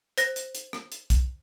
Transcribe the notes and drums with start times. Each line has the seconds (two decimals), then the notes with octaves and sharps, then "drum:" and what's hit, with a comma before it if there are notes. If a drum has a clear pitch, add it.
0.18 C5 A#6, drum: hi-hat
0.36 drum: hi-hat
0.55 drum: hi-hat
0.73 drum: rim click
0.92 drum: hi-hat
1.10 drum: kick, hi-hat